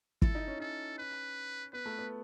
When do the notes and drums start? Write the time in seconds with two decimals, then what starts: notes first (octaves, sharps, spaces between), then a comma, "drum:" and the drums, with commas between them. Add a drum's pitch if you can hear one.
0.22 E4 A4, drum: kick
0.35 D#4
0.48 C#4
0.60 C#4 A4
0.98 B4
1.73 B3 B4
1.86 A3
1.98 B3